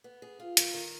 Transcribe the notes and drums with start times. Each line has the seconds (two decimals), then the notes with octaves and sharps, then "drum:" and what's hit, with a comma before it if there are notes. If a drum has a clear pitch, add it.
0.04 B3
0.22 G#4
0.40 F4
0.57 D#3, drum: hi-hat
0.74 D#3